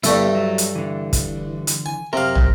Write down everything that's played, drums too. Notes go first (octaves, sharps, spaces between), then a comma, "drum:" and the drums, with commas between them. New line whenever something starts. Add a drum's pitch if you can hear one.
G2 D3 G3 A3 B3 E4, drum: hi-hat
F#3
drum: hi-hat
D3 E3
drum: kick, hi-hat
drum: hi-hat
G#5
F#2 C3 A#4 F5
drum: tom